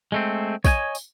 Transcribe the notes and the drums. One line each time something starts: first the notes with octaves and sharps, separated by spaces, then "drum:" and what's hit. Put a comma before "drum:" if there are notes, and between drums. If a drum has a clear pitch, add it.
G#3 A3 C4
C#5 D#5 G5 G#5, drum: kick, tambourine
drum: tambourine